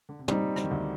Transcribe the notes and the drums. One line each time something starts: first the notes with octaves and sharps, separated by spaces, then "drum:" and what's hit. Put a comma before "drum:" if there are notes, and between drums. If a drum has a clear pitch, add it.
D3
C3
A#2 G3 C4 D#4, drum: tom
D3, drum: rim click
D#3
D2 D3